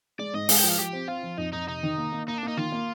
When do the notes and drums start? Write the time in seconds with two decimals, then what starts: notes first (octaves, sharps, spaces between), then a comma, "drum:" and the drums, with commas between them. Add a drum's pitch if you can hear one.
0.19 G#3 D5
0.34 G#2 D#5
0.49 G#3 F5, drum: open hi-hat
0.58 G5
0.64 F3 F5
0.78 F3 G4
0.93 C4
1.08 C4 F4
1.23 F3
1.37 F2 D#4
1.52 F2 D#4
1.68 C3 D#4
1.83 D#3
1.98 A#3
2.12 A#3
2.28 A#3 D#4
2.38 D4
2.43 A#3 D#4
2.57 D#3 F4
2.72 A#3